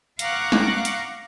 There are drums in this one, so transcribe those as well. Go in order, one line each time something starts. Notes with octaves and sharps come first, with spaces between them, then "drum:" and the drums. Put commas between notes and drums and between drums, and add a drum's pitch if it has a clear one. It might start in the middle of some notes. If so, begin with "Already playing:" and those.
F5 F#5 A#5 C#6 D6 F#6, drum: hi-hat
drum: snare
drum: hi-hat